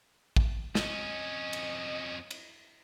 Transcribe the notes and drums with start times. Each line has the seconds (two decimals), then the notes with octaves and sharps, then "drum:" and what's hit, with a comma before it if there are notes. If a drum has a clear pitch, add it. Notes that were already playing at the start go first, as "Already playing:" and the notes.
0.36 drum: kick
0.75 F2 C#4 D#5, drum: snare
1.53 drum: cymbal
2.31 drum: cymbal